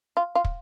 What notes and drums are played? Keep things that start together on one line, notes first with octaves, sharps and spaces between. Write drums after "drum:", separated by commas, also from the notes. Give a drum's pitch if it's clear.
F4
F4
drum: kick